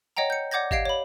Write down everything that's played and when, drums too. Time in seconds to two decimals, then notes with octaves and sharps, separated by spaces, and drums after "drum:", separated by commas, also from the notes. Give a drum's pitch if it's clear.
0.17 C#5 D#5 F#5 G5 A#5
0.30 G6 C#7
0.51 D5 F#5 D6 G6 G#6 A#6
0.71 G4 D#5 F5 G#6 C7 D7, drum: kick G#1
0.86 C#5 B5